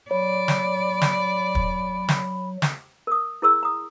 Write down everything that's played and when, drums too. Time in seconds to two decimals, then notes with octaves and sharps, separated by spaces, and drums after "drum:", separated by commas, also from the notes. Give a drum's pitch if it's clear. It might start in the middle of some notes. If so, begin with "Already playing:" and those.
0.11 F#3 C#5 D5 B5
0.48 drum: snare
1.02 drum: snare
1.55 drum: kick
2.09 drum: snare
2.62 drum: snare
3.07 A#4 D#6
3.42 E4 G#4 A#4 C#6 E6
3.63 A#5 D#6